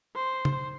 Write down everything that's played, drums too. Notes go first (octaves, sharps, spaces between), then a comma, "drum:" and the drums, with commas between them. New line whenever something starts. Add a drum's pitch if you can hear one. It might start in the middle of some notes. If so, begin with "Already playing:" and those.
C5
drum: tom C#3